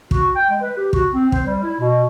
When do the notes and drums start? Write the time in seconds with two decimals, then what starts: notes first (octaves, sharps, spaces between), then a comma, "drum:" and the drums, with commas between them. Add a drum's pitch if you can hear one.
0.11 F#4, drum: kick
0.36 G5
0.50 G#3
0.62 B4
0.77 G4
0.93 F#4, drum: kick
1.12 C4
1.32 C5, drum: kick
1.46 G3
1.63 E4
1.80 B2